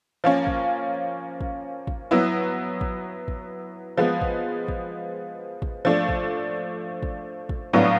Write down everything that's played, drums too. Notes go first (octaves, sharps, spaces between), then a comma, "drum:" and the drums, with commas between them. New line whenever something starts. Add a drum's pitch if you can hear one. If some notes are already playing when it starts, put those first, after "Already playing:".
F3 A#3 C#4
drum: kick
drum: kick
drum: kick
F#3 B3 E4
drum: kick
drum: kick
F3 G#3 B3
drum: kick
drum: kick
drum: kick
F3 A3 D4
drum: kick
drum: kick
drum: kick
A2 F#3 B3 D4 F4